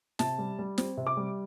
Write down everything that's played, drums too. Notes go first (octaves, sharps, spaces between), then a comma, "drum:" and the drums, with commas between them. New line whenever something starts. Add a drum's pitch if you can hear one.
C3 A5, drum: snare
G3
G3
C4, drum: snare
C3
D6
G3